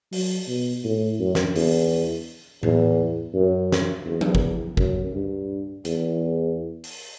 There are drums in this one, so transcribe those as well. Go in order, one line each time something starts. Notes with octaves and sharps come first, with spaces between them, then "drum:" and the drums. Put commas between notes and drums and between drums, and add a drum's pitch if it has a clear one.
F#3, drum: open hi-hat
B2
A2
F#2
drum: snare
E2, drum: open hi-hat
E2, drum: tom A2
F#2
drum: snare
E2
drum: tom F3
drum: kick
F#2, drum: kick
G2
E2, drum: hi-hat
drum: open hi-hat